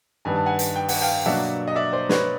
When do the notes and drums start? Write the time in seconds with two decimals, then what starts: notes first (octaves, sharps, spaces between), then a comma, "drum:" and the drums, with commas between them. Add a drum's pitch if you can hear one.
0.25 G2 D#3 G3 B3 G#5
0.36 A5
0.46 F#5 G#5
0.59 drum: hi-hat
0.76 G5
0.88 F#5, drum: open hi-hat
1.02 F5 G5
1.26 B2 F#3 A#3 D4 E5 F#5
1.68 D#5
1.76 D5 E5
1.93 C5 D5
2.09 B4 C#5, drum: snare